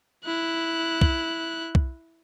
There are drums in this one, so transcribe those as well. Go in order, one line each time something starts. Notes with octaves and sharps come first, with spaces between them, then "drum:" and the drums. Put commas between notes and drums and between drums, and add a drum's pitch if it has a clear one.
E4 F#6
drum: kick
drum: kick